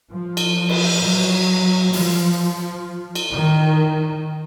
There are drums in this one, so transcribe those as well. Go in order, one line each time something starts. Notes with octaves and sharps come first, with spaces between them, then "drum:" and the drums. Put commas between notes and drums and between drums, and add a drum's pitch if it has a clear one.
F3
drum: cymbal
drum: cymbal
F#3
F3, drum: open hi-hat
drum: cymbal
D#3